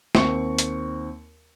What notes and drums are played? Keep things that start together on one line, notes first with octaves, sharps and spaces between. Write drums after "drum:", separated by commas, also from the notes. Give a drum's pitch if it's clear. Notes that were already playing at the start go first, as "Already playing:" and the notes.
D#2 C4 C#6 C#7, drum: snare
drum: hi-hat